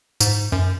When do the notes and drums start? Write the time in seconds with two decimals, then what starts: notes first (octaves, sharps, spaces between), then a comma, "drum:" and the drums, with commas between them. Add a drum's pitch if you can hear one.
0.21 G#2, drum: tambourine
0.52 F#2